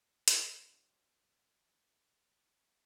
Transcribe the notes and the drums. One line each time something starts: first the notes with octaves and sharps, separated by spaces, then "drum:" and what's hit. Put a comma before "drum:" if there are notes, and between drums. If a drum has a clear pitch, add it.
F#3 G3 A3 C4 D4, drum: hi-hat